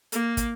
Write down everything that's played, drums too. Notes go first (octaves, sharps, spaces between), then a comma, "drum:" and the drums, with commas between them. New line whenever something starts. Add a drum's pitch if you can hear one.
A#3, drum: hi-hat
drum: kick, hi-hat